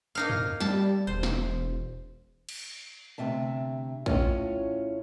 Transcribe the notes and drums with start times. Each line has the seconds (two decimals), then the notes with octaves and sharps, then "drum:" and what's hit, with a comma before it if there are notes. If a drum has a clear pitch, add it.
0.15 A#3 D#4 F5
0.30 drum: tom
0.60 G3 A5, drum: snare
1.07 E1 C5
1.23 drum: snare
2.49 drum: cymbal
3.18 D2 C3 E5 A5
4.06 A2 C#4 F4 A4 C#5 G#5, drum: kick